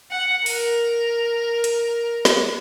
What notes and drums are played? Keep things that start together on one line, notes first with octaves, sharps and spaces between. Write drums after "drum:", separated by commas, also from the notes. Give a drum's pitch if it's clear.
F#5
A#4, drum: open hi-hat
drum: hi-hat
drum: snare